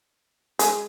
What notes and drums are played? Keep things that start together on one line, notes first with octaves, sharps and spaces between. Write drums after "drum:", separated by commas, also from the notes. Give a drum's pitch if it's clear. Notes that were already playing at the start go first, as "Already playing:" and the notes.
G#3, drum: hi-hat